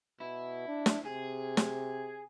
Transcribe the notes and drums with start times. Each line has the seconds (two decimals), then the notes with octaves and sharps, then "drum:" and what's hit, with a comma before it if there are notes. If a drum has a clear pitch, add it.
0.20 B2 E4
0.68 D4
0.86 drum: snare
1.05 C3 G#4
1.57 drum: snare